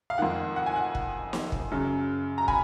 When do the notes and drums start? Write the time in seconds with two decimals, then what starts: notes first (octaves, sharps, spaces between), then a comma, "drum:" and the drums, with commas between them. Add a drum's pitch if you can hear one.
0.10 F5
0.18 F2 D#3 F#5
0.56 F#5
0.66 G#5
0.76 F#5
0.95 drum: kick
1.33 drum: snare
1.52 drum: kick
1.71 F#2 C#3
2.38 A#5
2.48 G#5 B5, drum: kick